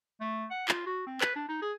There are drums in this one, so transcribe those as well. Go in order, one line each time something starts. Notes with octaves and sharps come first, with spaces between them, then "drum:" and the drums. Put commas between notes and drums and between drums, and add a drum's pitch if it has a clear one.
A3
F#5
F4, drum: clap
F#4
C4
B4, drum: clap
D4
D#4
G#4